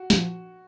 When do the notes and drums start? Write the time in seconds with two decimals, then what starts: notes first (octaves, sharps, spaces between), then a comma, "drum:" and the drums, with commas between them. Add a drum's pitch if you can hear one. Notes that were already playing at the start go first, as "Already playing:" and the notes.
Already playing: F#4
0.10 A#2 F3, drum: snare